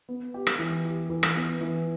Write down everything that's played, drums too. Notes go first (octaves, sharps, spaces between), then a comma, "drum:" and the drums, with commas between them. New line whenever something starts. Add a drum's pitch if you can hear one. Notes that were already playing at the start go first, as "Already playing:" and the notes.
B3
G4
drum: rim click
E3
G4
E3
drum: rim click
B3
E3